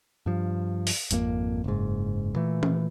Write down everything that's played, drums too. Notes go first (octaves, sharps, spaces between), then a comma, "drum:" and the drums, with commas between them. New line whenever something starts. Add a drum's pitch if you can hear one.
G2 F3
drum: open hi-hat
G#1 F2 D#3 A#3, drum: hi-hat
F#1 G#2
A#2 E3 A3
drum: tom E3